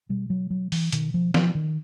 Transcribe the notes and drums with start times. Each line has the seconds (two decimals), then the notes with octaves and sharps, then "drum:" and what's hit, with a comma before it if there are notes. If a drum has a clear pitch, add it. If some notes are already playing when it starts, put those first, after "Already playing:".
0.09 B2 G3
0.30 F#3
0.50 F#3
0.72 E3, drum: open hi-hat
0.92 B2 D#3, drum: hi-hat
1.14 F3
1.34 F3, drum: snare
1.55 D#3